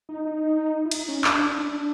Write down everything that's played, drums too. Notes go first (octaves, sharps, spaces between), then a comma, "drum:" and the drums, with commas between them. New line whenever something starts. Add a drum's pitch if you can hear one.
D#4
D#4
E4
D#4, drum: cymbal
C#4
D4, drum: clap
D4